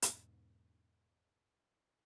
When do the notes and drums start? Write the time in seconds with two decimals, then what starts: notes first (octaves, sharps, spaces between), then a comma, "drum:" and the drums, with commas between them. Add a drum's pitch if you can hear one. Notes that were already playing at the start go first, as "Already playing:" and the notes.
0.02 E2 G#2 B2, drum: hi-hat